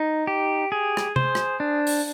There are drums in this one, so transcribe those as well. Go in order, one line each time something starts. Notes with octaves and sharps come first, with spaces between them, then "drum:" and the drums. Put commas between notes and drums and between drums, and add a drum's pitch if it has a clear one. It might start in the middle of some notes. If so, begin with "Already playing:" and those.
Already playing: D#4
G4
G#4
drum: rim click
C5, drum: tom C3
drum: rim click
D4
drum: open hi-hat